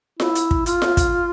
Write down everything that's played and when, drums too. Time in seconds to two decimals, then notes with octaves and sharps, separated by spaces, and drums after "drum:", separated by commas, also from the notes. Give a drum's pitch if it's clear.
0.20 E4, drum: snare F4
0.35 drum: hi-hat
0.51 drum: kick
0.66 F4, drum: hi-hat
0.82 drum: snare F4
0.97 drum: kick, hi-hat